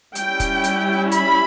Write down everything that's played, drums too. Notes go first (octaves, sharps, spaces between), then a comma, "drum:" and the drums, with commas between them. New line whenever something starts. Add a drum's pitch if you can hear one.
G3 C#4 E4 G5, drum: hi-hat
drum: kick, hi-hat
drum: hi-hat
B5, drum: hi-hat